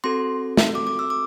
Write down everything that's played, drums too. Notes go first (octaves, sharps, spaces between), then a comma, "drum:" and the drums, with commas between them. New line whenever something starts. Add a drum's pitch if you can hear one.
C4 F#4 A4 C6
drum: snare
D6
D6
E6
D6